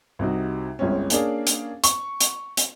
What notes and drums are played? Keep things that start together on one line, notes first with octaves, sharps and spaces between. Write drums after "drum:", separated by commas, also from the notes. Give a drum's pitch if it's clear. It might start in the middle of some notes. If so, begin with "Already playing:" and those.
C2 C3 D#4 F#4
G1 C2 G#3 C4 C#4
A#3 C#4 D4 G#4 F5, drum: hi-hat
drum: hi-hat
C#6, drum: hi-hat
drum: hi-hat
drum: hi-hat